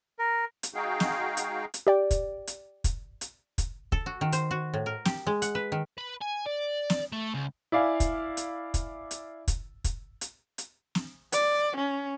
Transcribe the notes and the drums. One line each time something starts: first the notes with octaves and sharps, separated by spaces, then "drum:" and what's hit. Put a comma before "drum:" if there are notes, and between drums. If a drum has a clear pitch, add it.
A#4
drum: hi-hat
G#3 D#4 F#4 G#4 F5 G5
drum: snare
drum: hi-hat
drum: hi-hat
G4 D5 G5
drum: kick, hi-hat
drum: hi-hat
drum: kick, hi-hat
drum: hi-hat
drum: kick, hi-hat
A4, drum: kick
F#4
D#3
C5, drum: hi-hat
F#4
A2
A#4
G4, drum: snare
G#3
F#5, drum: hi-hat
B4
D#3
B4
G#5
D5
drum: snare
A3
C#2
E4 D5 F5 G#5
drum: kick, hi-hat
drum: hi-hat
drum: kick, hi-hat
drum: hi-hat
drum: kick, hi-hat
drum: kick, hi-hat
drum: hi-hat
drum: hi-hat
drum: snare
D5, drum: hi-hat
C#4